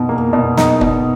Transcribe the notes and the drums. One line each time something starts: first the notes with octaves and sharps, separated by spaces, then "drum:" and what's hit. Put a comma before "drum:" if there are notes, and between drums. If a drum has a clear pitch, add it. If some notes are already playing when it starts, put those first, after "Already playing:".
Already playing: B2 D#4
A#3
B2
D#4, drum: snare
B2, drum: kick